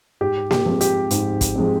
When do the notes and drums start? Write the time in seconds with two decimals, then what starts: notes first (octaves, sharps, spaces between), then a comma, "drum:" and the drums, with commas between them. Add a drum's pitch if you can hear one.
0.21 G#2 G4
0.51 G4, drum: snare A#3
0.66 F3 G#3 C4
0.81 G4, drum: hi-hat
1.11 G#2, drum: hi-hat
1.41 drum: kick, hi-hat
1.56 F3 G#3 C4